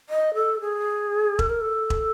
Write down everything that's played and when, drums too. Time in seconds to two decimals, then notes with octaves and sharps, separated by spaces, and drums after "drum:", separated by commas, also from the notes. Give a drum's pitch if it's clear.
0.10 D#5
0.34 A4
0.61 G#4
1.39 A4, drum: kick E1
1.50 A#4
1.61 A4
1.90 drum: kick E1